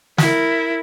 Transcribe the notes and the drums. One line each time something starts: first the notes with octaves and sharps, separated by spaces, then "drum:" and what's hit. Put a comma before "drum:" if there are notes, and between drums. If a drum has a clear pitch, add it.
E4 A#4, drum: snare